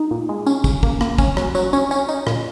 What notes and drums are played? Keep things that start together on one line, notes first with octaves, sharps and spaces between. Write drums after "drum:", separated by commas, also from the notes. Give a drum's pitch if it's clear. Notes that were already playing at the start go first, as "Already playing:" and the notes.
Already playing: D#4
A#2
G#3
C#4, drum: tambourine
C#3, drum: kick, tambourine
A#3, drum: kick
A#3, drum: rim click
C#4, drum: kick, tambourine
F#3, drum: rim click
F#3, drum: tambourine
C#4, drum: tambourine
C#4, drum: tambourine
D#4, drum: tambourine
A#2, drum: rim click